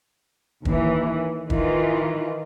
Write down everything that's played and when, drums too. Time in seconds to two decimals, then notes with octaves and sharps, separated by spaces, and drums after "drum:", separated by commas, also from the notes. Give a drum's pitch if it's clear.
0.65 D#2 E3, drum: kick
1.50 D#3 E3 F4, drum: kick